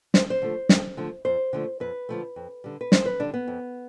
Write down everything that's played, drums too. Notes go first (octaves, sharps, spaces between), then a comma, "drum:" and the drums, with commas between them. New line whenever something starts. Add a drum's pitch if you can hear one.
F2 C5, drum: snare
C5
D3 F3 A3
F2, drum: snare
D3 F3 A3
F2 C5
D3 F3 A3
F2 B4
D3 F3 A3
F2
D3 G3
B4
F2 C5, drum: snare
B4
D3 G3 D4
B3
F2